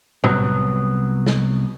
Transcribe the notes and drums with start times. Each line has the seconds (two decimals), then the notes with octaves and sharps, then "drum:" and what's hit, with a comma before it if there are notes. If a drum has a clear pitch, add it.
0.24 C2 F#3 B3, drum: tom A2
1.26 drum: snare